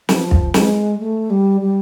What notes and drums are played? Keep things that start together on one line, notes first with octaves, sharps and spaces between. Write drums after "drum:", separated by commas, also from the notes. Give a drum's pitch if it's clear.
F3, drum: snare
drum: kick
G#3, drum: snare
A3
G3
G3